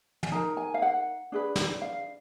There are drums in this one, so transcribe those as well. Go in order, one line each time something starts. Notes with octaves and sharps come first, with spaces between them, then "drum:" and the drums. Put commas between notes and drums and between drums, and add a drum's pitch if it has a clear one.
G#5, drum: tom
D#4 A#4 A#5
G#5
F5
F#5
D4 G#4 B4
drum: snare
F5